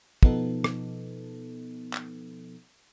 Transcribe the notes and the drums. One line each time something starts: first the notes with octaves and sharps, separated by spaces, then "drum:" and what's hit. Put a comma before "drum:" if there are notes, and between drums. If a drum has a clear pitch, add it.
B2 F3 B3 D#4 A4, drum: kick
drum: rim click
drum: clap